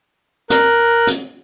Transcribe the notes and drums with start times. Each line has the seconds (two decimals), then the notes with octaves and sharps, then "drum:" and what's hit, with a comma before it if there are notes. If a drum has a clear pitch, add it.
0.50 A#4 F#6, drum: hi-hat
1.07 drum: hi-hat